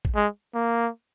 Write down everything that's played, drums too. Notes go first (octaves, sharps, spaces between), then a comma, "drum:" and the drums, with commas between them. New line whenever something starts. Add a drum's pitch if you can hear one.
drum: kick
G#3
A#3